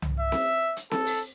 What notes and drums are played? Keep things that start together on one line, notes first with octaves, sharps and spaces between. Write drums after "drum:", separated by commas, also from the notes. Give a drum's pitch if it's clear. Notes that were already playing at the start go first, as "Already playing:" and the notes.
drum: tom C2
E5
drum: snare C4
drum: hi-hat
A4, drum: snare C4
drum: open hi-hat